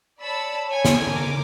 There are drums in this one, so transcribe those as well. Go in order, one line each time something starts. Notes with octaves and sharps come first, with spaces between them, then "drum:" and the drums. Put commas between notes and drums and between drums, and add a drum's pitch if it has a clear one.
C#5 D5 A5 B5 E6
C#5 G#5
drum: snare
A#4 D6